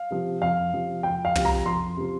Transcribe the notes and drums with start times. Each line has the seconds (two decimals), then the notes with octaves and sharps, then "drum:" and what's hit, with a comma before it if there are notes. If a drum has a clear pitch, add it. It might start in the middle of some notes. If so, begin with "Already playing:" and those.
Already playing: F5
0.10 C3 F3
0.41 F2 F5
0.73 C3 F3
1.03 F2 G5
1.25 F5
1.35 C3 F3, drum: tom
1.45 A#5
1.66 F2 C6
1.97 C3 F3